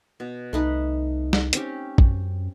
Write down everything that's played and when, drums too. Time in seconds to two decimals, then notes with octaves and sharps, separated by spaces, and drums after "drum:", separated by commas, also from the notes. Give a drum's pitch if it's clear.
0.20 B2
0.53 C2 A3 D#4 B4
1.33 drum: snare
1.53 C4 C#4 G4, drum: hi-hat
1.98 F#2, drum: kick A1